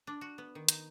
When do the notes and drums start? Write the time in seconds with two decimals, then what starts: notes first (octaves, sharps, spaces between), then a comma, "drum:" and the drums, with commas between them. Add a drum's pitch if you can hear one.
0.07 D4
0.21 F#4
0.38 B3
0.55 D#3
0.68 D#4, drum: hi-hat